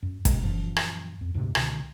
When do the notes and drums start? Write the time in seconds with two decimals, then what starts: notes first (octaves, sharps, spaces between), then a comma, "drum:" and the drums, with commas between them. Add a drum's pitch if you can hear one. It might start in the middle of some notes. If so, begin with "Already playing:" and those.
0.03 F#2
0.25 F#2 B2 G#3, drum: kick, hi-hat
0.43 F#2 A#2 E3 F3
0.76 drum: rim click
1.21 F2
1.34 D2 G#2 C3
1.55 C#2 B2 D3 D#3, drum: rim click